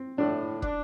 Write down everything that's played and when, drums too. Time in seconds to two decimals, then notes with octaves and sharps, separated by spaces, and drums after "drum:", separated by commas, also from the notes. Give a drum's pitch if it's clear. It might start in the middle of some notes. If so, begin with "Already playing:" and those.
Already playing: C4
0.18 A2 D4
0.62 D4, drum: kick